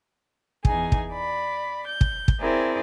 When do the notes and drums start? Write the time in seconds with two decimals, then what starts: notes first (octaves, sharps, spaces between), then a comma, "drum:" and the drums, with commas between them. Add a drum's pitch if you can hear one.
0.65 E2 D#4 G#4 G#5, drum: kick
0.92 drum: kick
1.12 D5 B5
1.87 G6
2.01 drum: kick
2.28 drum: kick
2.39 C4 E4 G#4 A#4 C5 D5